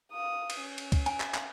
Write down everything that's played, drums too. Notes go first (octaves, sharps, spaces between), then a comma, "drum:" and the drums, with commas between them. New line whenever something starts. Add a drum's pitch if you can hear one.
F5 D#6
drum: cymbal
C#4
drum: cymbal
drum: kick C#2, cymbal
G#5, drum: cymbal
drum: clap
drum: clap